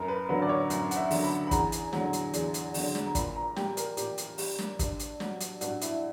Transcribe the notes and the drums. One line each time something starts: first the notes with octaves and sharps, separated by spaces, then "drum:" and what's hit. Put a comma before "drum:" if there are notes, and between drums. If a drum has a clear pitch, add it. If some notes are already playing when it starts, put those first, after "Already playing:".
Already playing: F#2 A#4
B4
D3 F#3 B4
D5
C#5
F#2, drum: hi-hat
F#5, drum: hi-hat
E5
D3 F#3, drum: open hi-hat
B5
B5
E2 A#5, drum: kick, hi-hat
drum: hi-hat
D3 F#3, drum: snare
drum: hi-hat
E2, drum: hi-hat
drum: hi-hat
D3 F#3, drum: open hi-hat
drum: snare
A#5
A#2 B5, drum: kick, hi-hat
A#5
G3 G5, drum: snare
A#4, drum: hi-hat
A#2 G4, drum: hi-hat
drum: hi-hat
G3, drum: open hi-hat
drum: snare
G2, drum: kick, hi-hat
drum: hi-hat
F#3, drum: snare
drum: hi-hat
G2 F#4, drum: hi-hat
E4, drum: hi-hat